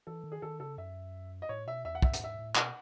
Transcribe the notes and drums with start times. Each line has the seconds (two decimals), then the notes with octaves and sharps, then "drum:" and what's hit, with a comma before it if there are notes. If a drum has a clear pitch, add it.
0.07 E3 A4
0.24 D#3
0.32 G#4
0.42 D#3 A4
0.60 C#3 A4
0.78 F#2 E5
1.42 D#5
1.49 A2 C#5
1.67 B2 E5
1.85 E2 E5
1.95 F#5
2.02 F#2 E5, drum: kick
2.14 F#5, drum: hi-hat
2.20 G#2 E5
2.39 A2
2.56 B2 F#5, drum: clap